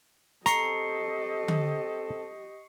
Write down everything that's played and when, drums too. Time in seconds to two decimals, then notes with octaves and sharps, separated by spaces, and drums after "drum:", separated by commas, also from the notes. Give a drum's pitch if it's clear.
0.46 C4 G4 A4 D#5 A#5 C#6 C7 C#7, drum: hi-hat
1.48 drum: tom D3